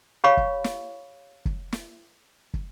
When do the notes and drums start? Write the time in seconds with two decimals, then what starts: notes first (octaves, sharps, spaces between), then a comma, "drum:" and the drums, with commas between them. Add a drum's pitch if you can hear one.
0.24 G4 C#5 F5 B5 C#6
0.37 drum: kick
0.64 drum: snare
1.45 drum: kick
1.72 drum: snare
2.54 drum: kick